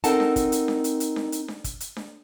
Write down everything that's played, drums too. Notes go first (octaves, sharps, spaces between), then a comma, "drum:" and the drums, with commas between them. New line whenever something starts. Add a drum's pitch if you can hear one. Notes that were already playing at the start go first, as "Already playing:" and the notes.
C4 D#4 A4 A#4 F#5 A5, drum: hi-hat
drum: snare D4
drum: kick, hi-hat
drum: hi-hat
drum: snare D4
drum: hi-hat
drum: hi-hat
drum: snare D4
drum: hi-hat
drum: snare D4
drum: kick, hi-hat
drum: hi-hat
drum: snare D4